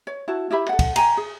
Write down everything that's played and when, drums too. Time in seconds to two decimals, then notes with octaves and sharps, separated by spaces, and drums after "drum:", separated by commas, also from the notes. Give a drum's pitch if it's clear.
0.07 C#5
0.28 E4 F#4 A5
0.51 E4 G4 E5 B5
0.69 A4 F#5
0.79 drum: kick C2, cymbal
0.96 G5 G#5 A#5, drum: cymbal
1.17 G#4